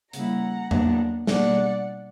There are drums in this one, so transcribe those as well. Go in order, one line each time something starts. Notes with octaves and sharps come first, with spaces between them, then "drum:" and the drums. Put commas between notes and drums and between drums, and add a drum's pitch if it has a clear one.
C#3 G3 A#3 E4 F#5 A#5, drum: hi-hat
A#2 F#3 B3 D4, drum: tom E2
B2 G3 A#3 D4 D5 F#5, drum: snare